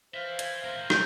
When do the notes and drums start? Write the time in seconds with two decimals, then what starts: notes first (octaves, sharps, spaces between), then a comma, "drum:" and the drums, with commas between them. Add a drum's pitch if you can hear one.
0.14 B4 C5 E5 F5
0.39 G#6, drum: hi-hat
0.64 C4 A#4
0.90 G6, drum: rim click